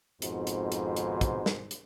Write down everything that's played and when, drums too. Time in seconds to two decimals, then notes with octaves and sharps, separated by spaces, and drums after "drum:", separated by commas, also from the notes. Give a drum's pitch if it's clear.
0.22 G#1 F2 G#2 B2 C5, drum: hi-hat
0.47 drum: hi-hat
0.72 drum: hi-hat
0.96 drum: hi-hat
1.21 drum: kick, hi-hat
1.46 drum: snare
1.71 drum: hi-hat